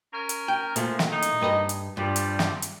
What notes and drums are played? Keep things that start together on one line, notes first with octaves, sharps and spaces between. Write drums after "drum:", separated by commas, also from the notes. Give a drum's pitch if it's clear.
C#4 A#4
drum: hi-hat
G5
A#2 D3 F3 A3, drum: hi-hat
drum: snare
A2 D#4
drum: hi-hat
G2 B4 D#5
drum: hi-hat
G2 F3 G3
drum: hi-hat
drum: snare
drum: hi-hat